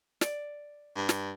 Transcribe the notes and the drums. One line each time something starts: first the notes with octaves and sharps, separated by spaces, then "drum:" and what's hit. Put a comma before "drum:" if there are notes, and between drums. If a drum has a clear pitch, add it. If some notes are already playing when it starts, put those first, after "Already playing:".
D5, drum: snare
G2
drum: snare